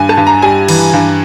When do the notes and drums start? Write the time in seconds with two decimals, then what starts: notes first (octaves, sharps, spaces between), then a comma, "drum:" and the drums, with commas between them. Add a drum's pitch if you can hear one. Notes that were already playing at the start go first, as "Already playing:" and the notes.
Already playing: G2 G#5
0.09 A5, drum: rim click
0.17 G2
0.27 A#5
0.42 G3 G#5
0.68 E3, drum: cymbal
0.93 G2